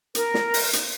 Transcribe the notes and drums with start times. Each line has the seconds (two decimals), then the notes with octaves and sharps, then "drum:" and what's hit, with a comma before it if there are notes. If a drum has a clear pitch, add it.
0.15 A#4, drum: hi-hat
0.34 drum: snare
0.54 drum: open hi-hat
0.73 drum: hi-hat